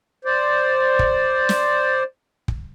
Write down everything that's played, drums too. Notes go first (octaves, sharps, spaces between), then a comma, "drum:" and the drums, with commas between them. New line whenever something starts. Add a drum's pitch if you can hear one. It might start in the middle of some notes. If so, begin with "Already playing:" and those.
C5 D5
drum: kick
drum: snare
drum: kick